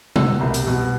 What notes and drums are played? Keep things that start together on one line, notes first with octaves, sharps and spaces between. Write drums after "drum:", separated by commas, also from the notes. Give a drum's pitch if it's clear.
B2 E6, drum: tom C3
C2
drum: hi-hat
B2